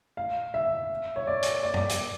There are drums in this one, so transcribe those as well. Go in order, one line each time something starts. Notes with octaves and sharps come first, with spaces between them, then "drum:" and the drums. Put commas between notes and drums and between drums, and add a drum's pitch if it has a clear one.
F5
E5
C#5
D5
drum: hi-hat
D5
drum: tom G2
drum: hi-hat